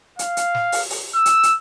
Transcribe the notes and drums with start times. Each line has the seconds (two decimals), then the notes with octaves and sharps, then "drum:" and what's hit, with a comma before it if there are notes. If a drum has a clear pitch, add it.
0.19 F5, drum: hi-hat
0.37 drum: hi-hat
0.55 drum: snare
0.72 drum: open hi-hat
0.90 drum: open hi-hat
1.15 E6
1.26 drum: hi-hat
1.43 drum: hi-hat